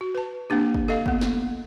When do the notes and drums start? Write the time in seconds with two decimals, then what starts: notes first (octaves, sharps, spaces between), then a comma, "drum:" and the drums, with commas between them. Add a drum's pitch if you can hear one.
0.01 F#4
0.15 B4 A5
0.50 A#3 C4 D4 G4
0.74 drum: kick
0.88 A4 D#5 F5
1.06 A#3 B3, drum: kick
1.21 drum: snare